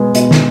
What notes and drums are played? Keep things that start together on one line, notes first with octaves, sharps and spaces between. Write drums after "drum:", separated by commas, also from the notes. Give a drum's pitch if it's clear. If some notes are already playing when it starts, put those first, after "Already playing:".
Already playing: B2 G#3 B3
B2 D#5, drum: hi-hat
drum: snare